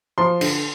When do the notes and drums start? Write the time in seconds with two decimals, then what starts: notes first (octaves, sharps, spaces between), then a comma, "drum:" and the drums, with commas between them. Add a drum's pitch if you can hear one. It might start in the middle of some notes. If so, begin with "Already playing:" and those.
0.18 F3 C6
0.41 D3, drum: cymbal